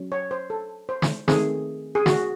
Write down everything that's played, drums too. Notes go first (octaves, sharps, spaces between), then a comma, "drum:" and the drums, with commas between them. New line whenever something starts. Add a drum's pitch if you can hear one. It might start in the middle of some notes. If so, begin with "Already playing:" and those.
Already playing: F#3 C#4
C#5
C5
A4
C5
drum: snare
D#3 A3 C4 G#4, drum: snare
G#4
F#4, drum: snare